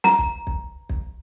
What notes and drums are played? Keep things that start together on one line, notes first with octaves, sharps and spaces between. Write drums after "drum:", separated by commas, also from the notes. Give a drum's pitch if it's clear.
A#5, drum: snare
drum: kick
drum: kick
drum: kick